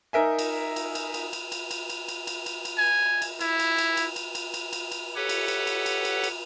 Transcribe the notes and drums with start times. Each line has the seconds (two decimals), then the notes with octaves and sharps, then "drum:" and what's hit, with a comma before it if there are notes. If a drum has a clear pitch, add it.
0.13 D#4 A#4 E5 G#5
0.39 drum: cymbal
0.76 drum: cymbal
0.95 drum: cymbal
1.14 drum: cymbal
1.33 drum: cymbal
1.52 drum: cymbal
1.71 drum: cymbal
1.90 drum: cymbal
2.08 drum: cymbal
2.27 drum: cymbal
2.46 drum: cymbal
2.65 drum: cymbal
2.78 G#5
3.22 drum: cymbal
3.41 E4, drum: cymbal
3.59 drum: cymbal
3.78 drum: cymbal
3.97 drum: cymbal
4.16 drum: cymbal
4.35 drum: cymbal
4.54 drum: cymbal
4.73 drum: cymbal
4.92 drum: cymbal
5.16 G4 A4 B4 C#5 F#5
5.29 drum: cymbal
5.48 drum: cymbal
5.67 drum: cymbal
5.86 drum: cymbal
6.05 drum: cymbal
6.24 drum: cymbal